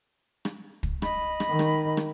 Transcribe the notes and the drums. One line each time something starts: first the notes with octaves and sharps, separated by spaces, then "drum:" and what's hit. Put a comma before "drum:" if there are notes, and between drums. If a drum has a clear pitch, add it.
drum: rim click
drum: kick
D#5 B5, drum: rim click
drum: rim click
D#3
drum: rim click
drum: rim click